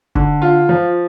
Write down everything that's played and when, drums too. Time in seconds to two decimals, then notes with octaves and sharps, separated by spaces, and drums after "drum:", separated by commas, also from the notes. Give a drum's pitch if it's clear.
0.15 D3, drum: kick
0.42 F4
0.69 F3